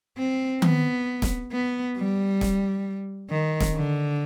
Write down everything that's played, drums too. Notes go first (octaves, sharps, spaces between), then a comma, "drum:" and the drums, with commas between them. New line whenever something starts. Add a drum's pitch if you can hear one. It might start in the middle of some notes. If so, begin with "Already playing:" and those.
C4
B3, drum: tom D#3
drum: snare
B3
G3
drum: snare
D#3
drum: snare
D3